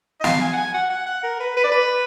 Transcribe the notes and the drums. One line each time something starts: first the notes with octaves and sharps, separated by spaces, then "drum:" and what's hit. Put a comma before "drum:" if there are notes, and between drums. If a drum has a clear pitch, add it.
D#5
F5, drum: snare
G#5
F#5
G#5
F#5
F#5
F#5
A#4
B4
B4
D5
B4